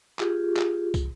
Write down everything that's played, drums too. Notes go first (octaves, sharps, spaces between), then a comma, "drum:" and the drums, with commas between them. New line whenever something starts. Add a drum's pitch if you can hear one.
F4 G4 G#4, drum: clap
drum: clap
drum: kick, tambourine